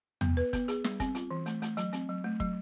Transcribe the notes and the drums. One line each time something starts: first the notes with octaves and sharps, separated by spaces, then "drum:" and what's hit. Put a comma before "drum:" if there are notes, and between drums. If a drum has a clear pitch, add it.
B3, drum: tom
B4
B3, drum: kick, hi-hat
G#4, drum: hi-hat
G3, drum: snare
C4, drum: kick, hi-hat
F4, drum: hi-hat
E3
A3, drum: hi-hat
A3, drum: hi-hat
F#3, drum: hi-hat
C4, drum: hi-hat
F#3
A3
F#3, drum: kick